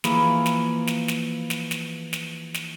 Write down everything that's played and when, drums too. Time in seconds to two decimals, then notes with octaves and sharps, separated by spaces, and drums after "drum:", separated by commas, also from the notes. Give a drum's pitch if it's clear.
0.04 E3 F3 A#3 E4 G#4, drum: snare
0.46 drum: snare
0.87 drum: snare
1.08 drum: snare
1.50 drum: snare
1.71 drum: snare
2.13 drum: snare
2.54 drum: snare